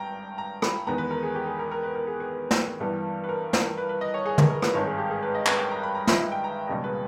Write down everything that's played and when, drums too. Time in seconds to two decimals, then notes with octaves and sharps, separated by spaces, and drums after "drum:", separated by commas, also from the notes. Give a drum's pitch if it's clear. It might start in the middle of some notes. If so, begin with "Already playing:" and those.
Already playing: G#1 G2 G5 A#5
0.38 A#5
0.62 B5, drum: rim click
0.87 E2 D#3 G#3 B3 A#5
0.98 B4
1.11 A#4
1.23 G#4
1.35 G4
1.47 G#4
1.59 A#4
1.71 A#4
1.83 B4
1.95 A#4
2.07 G#4
2.20 G#4
2.51 drum: snare
2.80 G2 E3 G3 B3
3.24 B4
3.29 A#4
3.53 A#4, drum: snare
3.78 B4
3.89 B4
4.01 D#5
4.14 C#5
4.26 G#4
4.38 A#4, drum: tom
4.50 A#4
4.62 B4, drum: rim click
4.74 G#1 G2 D#3 G#3 C#5
4.86 G#4
4.98 G4
5.11 G#4
5.23 B4
5.35 D#5
5.46 B4, drum: clap
5.59 G5
5.71 A#5
5.83 B5
5.95 A#5
6.07 E5, drum: snare
6.19 E5
6.32 G5
6.44 A#5
6.67 E1 D#2 C#3 G3 D#5
6.84 B4